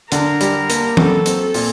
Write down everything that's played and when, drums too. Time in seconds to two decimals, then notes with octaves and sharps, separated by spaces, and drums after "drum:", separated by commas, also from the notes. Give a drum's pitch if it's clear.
0.12 D3 A#4, drum: hi-hat
0.41 G3, drum: hi-hat
0.70 A#3, drum: hi-hat
0.97 F#3 A4, drum: tom E3
1.26 C4, drum: hi-hat
1.41 A4
1.54 A#2, drum: open hi-hat